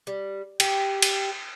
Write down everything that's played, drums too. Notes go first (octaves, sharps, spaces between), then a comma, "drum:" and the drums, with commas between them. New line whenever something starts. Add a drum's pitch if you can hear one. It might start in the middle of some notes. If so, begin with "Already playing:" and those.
G3
G4, drum: cymbal
drum: cymbal